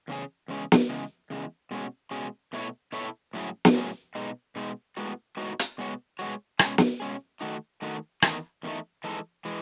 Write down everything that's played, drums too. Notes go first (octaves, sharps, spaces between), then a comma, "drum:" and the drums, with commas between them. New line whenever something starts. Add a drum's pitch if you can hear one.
E2 C#3 G#3 C#4 G#4
E2 C#3 G#3 C#4 G#4
drum: snare
E2 C#3 G#3
E2 C#3 G#3
B2 G#3 C#4 G#4
B2 G#3 C#4 G#4
B2 A3 E4 A4 C#5
B2 A3 E4 A4 C#5
A2 F#3 C#4 E4 G#4
drum: snare
A2 F#3 C#4 E4 G#4
B2 G#3 D#4
B2 G#3 D#4
A2 G#3 B3 D#4 F#4
A2 G#3 B3 D#4 F#4
drum: hi-hat
B2 G#3 B3 F#4 C#5
B2 G#3 B3 F#4 C#5
B2 G#3 C#4 G#4, drum: rim click
drum: snare
B2 G#3 C#4 G#4
D#3 A3 D#4 F#4
D#3 A3 D#4 F#4
E2 D#3 A3 D#4, drum: rim click
E2 D#3 A3 D#4
E3 G#3 D#4 A4
E3 G#3